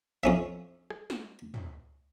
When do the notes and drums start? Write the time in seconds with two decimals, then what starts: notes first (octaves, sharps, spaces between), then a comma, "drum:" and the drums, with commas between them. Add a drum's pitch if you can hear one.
0.23 F2 C#4 E5
0.90 drum: rim click
1.10 drum: snare
1.54 drum: tom